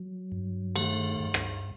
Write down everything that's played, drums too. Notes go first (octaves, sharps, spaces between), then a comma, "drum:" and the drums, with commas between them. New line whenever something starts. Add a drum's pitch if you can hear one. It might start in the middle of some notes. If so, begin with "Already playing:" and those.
Already playing: F#3
G2
D#3 A3, drum: cymbal
G2
drum: rim click